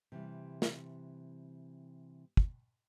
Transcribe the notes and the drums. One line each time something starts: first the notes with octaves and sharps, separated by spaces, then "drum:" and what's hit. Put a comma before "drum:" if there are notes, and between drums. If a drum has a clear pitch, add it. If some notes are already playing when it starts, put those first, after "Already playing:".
C3 E3 G3
drum: snare
drum: kick